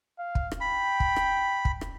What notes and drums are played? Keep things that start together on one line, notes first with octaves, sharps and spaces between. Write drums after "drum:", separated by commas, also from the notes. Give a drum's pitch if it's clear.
F5
drum: kick
drum: rim click
G5 B5
drum: kick
drum: rim click
drum: kick
drum: rim click